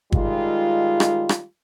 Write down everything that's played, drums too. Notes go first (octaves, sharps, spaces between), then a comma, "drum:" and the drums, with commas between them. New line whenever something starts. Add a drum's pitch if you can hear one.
D#3 G3 G#3 F4, drum: kick G1
drum: rim click
drum: rim click